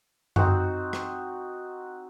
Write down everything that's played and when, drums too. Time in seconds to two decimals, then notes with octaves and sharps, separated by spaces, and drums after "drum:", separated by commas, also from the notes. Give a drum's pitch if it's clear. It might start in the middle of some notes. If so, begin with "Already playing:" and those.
0.36 C4 D#4 F#4, drum: tom F#2
0.93 drum: rim click